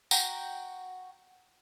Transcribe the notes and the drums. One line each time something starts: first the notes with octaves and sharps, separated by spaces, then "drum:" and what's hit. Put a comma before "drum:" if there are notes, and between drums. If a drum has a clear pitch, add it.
F#4 G5 A#5, drum: tambourine